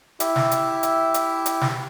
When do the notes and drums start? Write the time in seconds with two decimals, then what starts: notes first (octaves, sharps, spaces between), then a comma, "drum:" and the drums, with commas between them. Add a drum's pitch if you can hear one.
0.20 E4 G4 E5, drum: hi-hat
0.36 drum: snare
0.51 drum: hi-hat
0.83 drum: hi-hat
1.14 drum: hi-hat
1.46 drum: hi-hat
1.61 drum: snare